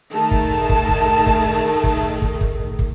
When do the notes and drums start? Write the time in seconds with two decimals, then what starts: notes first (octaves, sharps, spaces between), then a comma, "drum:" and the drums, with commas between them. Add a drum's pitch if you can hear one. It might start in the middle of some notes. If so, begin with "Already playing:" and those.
0.12 D#3 A3 G#4 A5
0.31 drum: kick
0.69 drum: kick
0.88 drum: kick
1.27 drum: kick
1.84 drum: kick
2.22 drum: kick
2.41 drum: kick
2.79 drum: kick